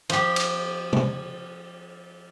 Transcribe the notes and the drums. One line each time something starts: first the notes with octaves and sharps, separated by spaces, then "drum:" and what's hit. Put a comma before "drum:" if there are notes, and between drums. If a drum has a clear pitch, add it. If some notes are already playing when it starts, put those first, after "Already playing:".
F3 G4, drum: cymbal
drum: cymbal
drum: tom